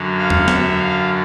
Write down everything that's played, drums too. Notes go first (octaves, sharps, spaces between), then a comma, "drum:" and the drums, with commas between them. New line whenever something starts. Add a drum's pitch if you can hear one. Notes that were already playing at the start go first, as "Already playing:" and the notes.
Already playing: F#2 D3 F#3
F5
drum: tom E2
E5, drum: snare
F5